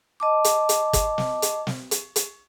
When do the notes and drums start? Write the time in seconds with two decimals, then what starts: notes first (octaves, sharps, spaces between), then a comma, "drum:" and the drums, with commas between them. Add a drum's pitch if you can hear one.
0.20 D#5 A5 D6
0.44 drum: hi-hat
0.69 drum: hi-hat
0.93 drum: kick, hi-hat
1.18 drum: snare
1.42 drum: hi-hat
1.67 drum: snare
1.91 drum: hi-hat
2.16 drum: hi-hat